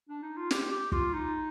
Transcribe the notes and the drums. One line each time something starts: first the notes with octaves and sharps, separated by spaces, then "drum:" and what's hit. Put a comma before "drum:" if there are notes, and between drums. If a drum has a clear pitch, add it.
D4
D#4
F4
G4, drum: snare
G4
F4, drum: kick
D#4